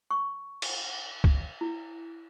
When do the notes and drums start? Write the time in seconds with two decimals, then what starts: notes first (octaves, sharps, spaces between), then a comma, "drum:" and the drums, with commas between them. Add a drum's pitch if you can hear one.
0.11 C#6
0.62 drum: cymbal
1.24 drum: kick
1.61 E4